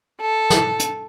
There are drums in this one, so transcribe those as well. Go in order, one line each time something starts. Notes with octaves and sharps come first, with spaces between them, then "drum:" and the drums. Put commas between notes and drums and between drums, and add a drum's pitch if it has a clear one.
A4
drum: snare
drum: hi-hat